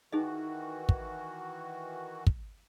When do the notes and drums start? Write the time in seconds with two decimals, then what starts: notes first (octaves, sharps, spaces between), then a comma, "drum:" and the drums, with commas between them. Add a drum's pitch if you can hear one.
0.13 D#3 E3 D#4 F#4 G#4 D#5
0.89 drum: kick
2.27 drum: kick